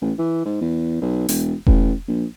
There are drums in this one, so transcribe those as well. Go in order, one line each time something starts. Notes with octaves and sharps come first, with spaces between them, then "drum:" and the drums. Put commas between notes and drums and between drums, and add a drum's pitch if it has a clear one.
A1
E3
G#2
E2
B1
E1, drum: open hi-hat
A1, drum: kick E1
A#1